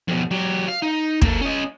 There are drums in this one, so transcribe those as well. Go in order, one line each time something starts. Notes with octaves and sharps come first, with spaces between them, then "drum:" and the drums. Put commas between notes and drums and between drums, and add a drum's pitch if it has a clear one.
F2 B2
F#3 G4
F5
D#4
A#3 A4, drum: kick
C#4 D#5